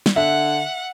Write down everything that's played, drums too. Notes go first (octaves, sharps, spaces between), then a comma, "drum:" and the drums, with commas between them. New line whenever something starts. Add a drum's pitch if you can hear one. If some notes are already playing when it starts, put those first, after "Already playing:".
drum: snare
D3 E5 F#5